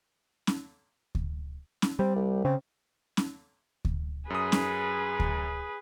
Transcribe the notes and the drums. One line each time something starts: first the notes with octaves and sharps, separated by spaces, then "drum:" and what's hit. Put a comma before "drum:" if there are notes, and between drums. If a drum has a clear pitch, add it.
drum: snare C#4
drum: kick D2
drum: snare C#4
G3 C4
C2
C#3 C4
drum: snare C#4
drum: kick D2
F#2 G#4 B4 D#6
drum: snare C#4
drum: kick D2